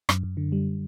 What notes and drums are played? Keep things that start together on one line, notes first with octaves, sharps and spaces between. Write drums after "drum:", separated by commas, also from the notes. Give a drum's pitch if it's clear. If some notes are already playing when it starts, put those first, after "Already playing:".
F#2, drum: rim click
F#2
D3
G3